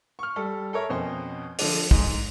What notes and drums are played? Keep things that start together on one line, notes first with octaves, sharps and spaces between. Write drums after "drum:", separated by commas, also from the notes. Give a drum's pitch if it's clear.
C#6 F6
G3 A4
A4 A#4 C#5 E5
F2 B2 C#4 C5
D3 F3 D4, drum: open hi-hat
G#2, drum: kick